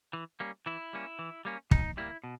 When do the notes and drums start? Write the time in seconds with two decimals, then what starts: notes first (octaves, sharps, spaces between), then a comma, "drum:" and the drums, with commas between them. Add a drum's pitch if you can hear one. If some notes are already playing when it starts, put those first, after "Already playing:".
0.13 E3
0.40 G3 A#3 C#4
0.66 E3 E4
0.93 G3 A#3 C#4
1.19 E3
1.45 G3 A#3 C#4
1.71 B2 D#4, drum: kick
1.97 G3 A#3 E4
2.24 B2